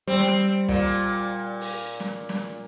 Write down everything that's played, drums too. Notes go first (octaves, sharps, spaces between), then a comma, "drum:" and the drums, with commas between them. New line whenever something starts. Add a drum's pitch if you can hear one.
G3 C4
drum: snare
A#2, drum: kick
drum: open hi-hat
drum: snare
drum: snare